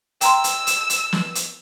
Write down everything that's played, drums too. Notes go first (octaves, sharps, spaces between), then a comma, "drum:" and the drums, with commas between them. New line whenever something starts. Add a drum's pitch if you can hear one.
G5 A#5 C6 E6, drum: hi-hat
drum: hi-hat
drum: hi-hat
drum: hi-hat
drum: snare
drum: hi-hat